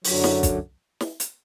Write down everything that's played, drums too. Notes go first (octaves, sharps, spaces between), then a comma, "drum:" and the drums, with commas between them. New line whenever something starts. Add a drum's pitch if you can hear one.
F#2 D3 F#3, drum: open hi-hat
drum: snare
drum: kick, hi-hat
drum: snare
drum: hi-hat